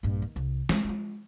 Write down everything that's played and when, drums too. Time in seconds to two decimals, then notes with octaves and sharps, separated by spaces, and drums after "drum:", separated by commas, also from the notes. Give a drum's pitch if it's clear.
0.03 A#1 G2
0.22 D#3
0.36 C2
0.69 G#3, drum: snare
0.85 G#3 F4